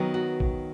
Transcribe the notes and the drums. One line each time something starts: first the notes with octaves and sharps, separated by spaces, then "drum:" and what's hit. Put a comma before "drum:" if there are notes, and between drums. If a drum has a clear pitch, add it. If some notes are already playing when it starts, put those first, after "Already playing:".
Already playing: D#3 F#3 B3
F#4
drum: kick A1